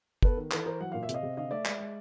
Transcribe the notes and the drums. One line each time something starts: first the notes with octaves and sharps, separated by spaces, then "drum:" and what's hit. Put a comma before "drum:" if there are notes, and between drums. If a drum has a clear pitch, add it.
B3 A4 B4, drum: kick
D#3
E3 A4 B4, drum: clap
E3 A#4 C5
F#3 F#5
A#2 F5
E5
C3, drum: hi-hat
D#5 F5
C3
D3 D#5 F5
A3 D5 E5
G#3, drum: clap
G#3